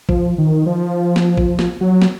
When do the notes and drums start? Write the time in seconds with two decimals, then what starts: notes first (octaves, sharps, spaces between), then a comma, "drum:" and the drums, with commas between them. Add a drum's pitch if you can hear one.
0.09 F3, drum: kick A1
0.38 D#3
0.66 F3
1.16 drum: snare
1.37 drum: kick A1
1.59 drum: snare
1.81 F#3
2.02 drum: snare